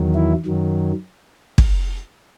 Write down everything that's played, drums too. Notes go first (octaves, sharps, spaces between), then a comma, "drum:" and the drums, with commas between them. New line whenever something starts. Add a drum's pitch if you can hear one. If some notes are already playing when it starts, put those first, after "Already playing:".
Already playing: E2 D#3 F#3
E4
F#2 D#3 F#3
drum: kick